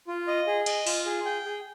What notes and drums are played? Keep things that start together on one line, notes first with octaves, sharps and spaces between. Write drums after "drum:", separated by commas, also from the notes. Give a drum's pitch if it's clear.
F4
D#5
G#4
D#5, drum: cymbal
F4, drum: open hi-hat
G#4
G5
G#4